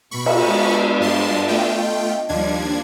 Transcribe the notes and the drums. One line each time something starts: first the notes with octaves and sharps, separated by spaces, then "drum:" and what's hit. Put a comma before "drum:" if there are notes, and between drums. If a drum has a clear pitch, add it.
B2 B5 C#6
drum: cymbal
G#3 B3 D4
G2 A5 C6
A3 F4 E5 G5
D#5
D#2 F3 G3 D4 G#6